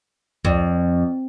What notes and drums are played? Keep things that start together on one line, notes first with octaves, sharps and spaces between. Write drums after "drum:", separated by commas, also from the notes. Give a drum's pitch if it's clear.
F2, drum: kick C#2